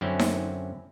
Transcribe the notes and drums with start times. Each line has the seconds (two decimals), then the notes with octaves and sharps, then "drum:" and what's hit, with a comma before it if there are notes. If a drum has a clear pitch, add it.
0.01 F#2 D3 C4 C#4 E4
0.19 drum: snare D#4